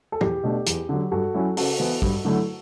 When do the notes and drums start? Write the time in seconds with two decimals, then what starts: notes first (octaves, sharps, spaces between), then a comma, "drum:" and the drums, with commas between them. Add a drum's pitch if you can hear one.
0.12 A4
0.21 E2 G4, drum: tom
0.43 B2 A3 D4
0.66 E2, drum: hi-hat
0.89 D3 F#3
1.11 G2 F#4 A4
1.34 F#3 C#4 E4
1.57 C#3 F#4 A4, drum: open hi-hat
1.80 E3 B3 E4
2.02 G2, drum: kick
2.25 D3 F#3 A3 E4